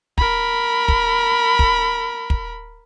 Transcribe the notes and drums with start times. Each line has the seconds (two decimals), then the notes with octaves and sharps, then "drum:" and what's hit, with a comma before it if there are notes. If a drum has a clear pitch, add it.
0.18 A#4 B5, drum: kick
0.88 drum: kick
1.59 drum: kick
2.30 drum: kick